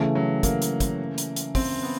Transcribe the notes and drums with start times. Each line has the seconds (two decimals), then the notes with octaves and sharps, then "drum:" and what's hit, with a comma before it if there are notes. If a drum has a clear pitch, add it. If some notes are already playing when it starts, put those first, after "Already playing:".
Already playing: C#3 E3 A3
0.15 F#3
0.43 A#3, drum: kick, hi-hat
0.62 drum: hi-hat
0.80 drum: kick, hi-hat
1.18 drum: hi-hat
1.36 drum: hi-hat
1.55 C4, drum: kick, open hi-hat
1.83 B3